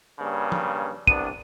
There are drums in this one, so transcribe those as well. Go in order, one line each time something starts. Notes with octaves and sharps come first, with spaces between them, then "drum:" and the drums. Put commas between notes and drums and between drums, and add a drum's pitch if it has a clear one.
G2 C#3 A#3
drum: tom
C2 B3 D4 D#7, drum: kick